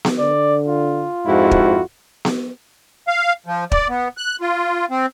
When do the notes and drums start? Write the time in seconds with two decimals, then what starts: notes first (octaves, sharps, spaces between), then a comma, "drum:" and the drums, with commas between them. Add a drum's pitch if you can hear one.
0.05 drum: snare B3
0.18 D3 D5
0.68 F4
1.27 F2 G#2 E4 F#4
1.51 drum: kick
2.25 drum: snare B3
3.08 F5
3.46 F3
3.72 D5, drum: kick
3.89 B3
4.17 F#6
4.41 F4
4.90 C4